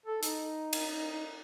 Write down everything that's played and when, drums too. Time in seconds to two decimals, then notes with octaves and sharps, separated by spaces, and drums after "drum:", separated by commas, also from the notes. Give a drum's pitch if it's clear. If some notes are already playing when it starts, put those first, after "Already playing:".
0.06 A4
0.23 D#4, drum: hi-hat
0.73 drum: cymbal